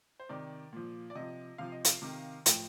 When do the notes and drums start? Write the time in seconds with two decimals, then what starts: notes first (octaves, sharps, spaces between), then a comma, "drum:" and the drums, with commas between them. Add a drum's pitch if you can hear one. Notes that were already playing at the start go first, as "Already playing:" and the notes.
0.20 C5
0.29 C3 D#3 D5
0.73 A#2 F3
1.10 D5
1.15 C3 F3 D#5
1.58 C3 F3 F5
1.72 D#5
1.85 F5, drum: hi-hat
2.02 C3 D#3
2.46 A2 F3 G5, drum: hi-hat